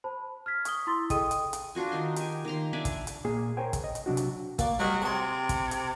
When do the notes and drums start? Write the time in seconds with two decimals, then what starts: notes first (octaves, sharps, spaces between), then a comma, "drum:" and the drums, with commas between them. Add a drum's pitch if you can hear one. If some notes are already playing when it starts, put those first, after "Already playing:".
0.04 C5 A5 B5
0.46 F6 G#6 B6
0.65 C#6 D#6 G7, drum: hi-hat
0.87 E4 C6 E6 A6
1.10 G#4 A4 D#5 G5 D#6 D#7, drum: kick, hi-hat
1.31 drum: hi-hat
1.53 drum: hi-hat
1.75 D4 F4 F#4 G#5
1.92 D#3 D#4 C6
2.16 G4 G#5, drum: hi-hat
2.45 D#3 A#3 A#5 C6
2.73 D4 D5 E5 G#5
2.85 drum: kick, hi-hat
3.07 drum: hi-hat
3.24 A#2 A#3 G#4 G#5
3.57 A#4 C5 C#5 G5 G#5
3.73 drum: kick, hi-hat
3.84 D#5
3.95 drum: hi-hat
4.06 C3 F#3 D4 F#4
4.17 drum: hi-hat
4.59 A#3 F#4 D5, drum: kick, hi-hat
4.79 F#3 G3 D#5
5.02 C3 G#4 C6
5.49 drum: kick, hi-hat
5.71 drum: hi-hat